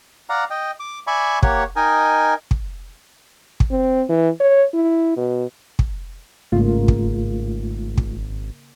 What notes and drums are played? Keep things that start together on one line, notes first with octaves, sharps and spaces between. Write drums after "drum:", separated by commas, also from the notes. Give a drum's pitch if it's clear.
D5 F5 F#5 A#5
D#5 G5
D6
D5 E5 G#5 B5 C#6
A#3 G4 C#5 F#5, drum: kick
D#4 A#4 D#5 G5 G#5
drum: kick
drum: kick
C4
E3
C#5
E4
B2
drum: kick
G#1 G#2 C#3 A3 A#3 F4
drum: kick
drum: kick